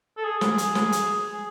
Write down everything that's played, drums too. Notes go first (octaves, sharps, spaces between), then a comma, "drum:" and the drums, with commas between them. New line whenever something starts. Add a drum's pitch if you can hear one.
A4
G#4
G#4, drum: snare
drum: hi-hat
drum: snare
drum: hi-hat
G#4